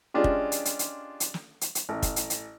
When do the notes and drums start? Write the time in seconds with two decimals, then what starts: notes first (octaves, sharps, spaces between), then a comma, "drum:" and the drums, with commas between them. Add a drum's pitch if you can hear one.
0.14 G#3 C#4 D4 F4 G4
0.24 drum: kick
0.52 drum: hi-hat
0.65 drum: hi-hat
0.79 drum: hi-hat
1.20 drum: hi-hat
1.34 drum: snare
1.61 drum: hi-hat
1.75 drum: hi-hat
1.89 A1
2.02 drum: kick, hi-hat
2.16 drum: hi-hat
2.30 drum: hi-hat